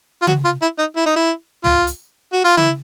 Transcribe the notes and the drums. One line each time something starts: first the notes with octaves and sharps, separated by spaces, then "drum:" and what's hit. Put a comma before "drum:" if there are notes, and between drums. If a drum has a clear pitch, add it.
F4
F#4, drum: tom C#3
F4
E4
D#4
E4
D#4
E4
F4, drum: tom
drum: hi-hat
F#4
F4
E4, drum: tom C#3